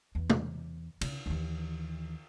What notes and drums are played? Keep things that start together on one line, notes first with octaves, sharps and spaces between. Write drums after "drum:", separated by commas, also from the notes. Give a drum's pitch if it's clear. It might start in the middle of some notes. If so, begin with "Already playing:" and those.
E2
drum: tom
C#3, drum: cymbal
D#2 E3